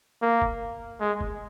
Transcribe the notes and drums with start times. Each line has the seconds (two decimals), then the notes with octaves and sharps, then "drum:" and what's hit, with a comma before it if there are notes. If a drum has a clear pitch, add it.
0.22 A#3
0.42 drum: kick
1.00 G#3
1.21 drum: kick